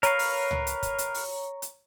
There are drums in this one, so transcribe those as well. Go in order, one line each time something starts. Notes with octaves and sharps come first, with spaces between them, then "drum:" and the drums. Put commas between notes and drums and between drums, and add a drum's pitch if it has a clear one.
A#4 B4 C#5 F5 A#5 C#6, drum: hi-hat
drum: open hi-hat
drum: tom C#2
drum: hi-hat
drum: kick, hi-hat
drum: hi-hat
drum: open hi-hat
drum: hi-hat